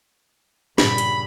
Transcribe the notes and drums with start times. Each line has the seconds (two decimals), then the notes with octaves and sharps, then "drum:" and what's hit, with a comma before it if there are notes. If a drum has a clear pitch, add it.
0.78 G2 A#2 C#3 B5, drum: snare
0.98 drum: hi-hat